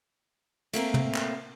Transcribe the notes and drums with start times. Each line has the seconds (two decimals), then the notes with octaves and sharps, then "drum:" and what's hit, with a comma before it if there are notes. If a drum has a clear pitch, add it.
0.73 A3 A#3 C4 A#4, drum: cymbal
0.94 drum: tom C3
1.15 drum: clap